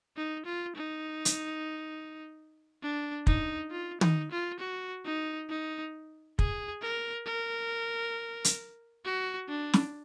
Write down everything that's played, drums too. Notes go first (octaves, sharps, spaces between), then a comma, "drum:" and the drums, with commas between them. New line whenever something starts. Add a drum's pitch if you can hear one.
D#4
F4
D#4
drum: hi-hat
D4
D#4, drum: kick
F4
D#4, drum: tom
F4
F#4
D#4
D#4
G#4, drum: kick
A#4
A#4
drum: hi-hat
F#4
D4
drum: snare